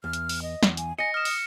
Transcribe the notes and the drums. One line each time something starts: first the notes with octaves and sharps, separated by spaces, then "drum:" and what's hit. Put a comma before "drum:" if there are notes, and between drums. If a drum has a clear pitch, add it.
E2 F6
drum: hi-hat
drum: open hi-hat
D#5
B1 E2, drum: snare
G#5, drum: hi-hat
D#5 G#5 A#6 C#7
D#6 F6 E7
drum: open hi-hat